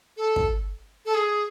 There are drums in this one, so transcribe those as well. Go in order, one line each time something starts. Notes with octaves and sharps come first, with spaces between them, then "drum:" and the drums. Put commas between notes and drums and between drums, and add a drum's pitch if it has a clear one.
A4
drum: kick
A4
G#4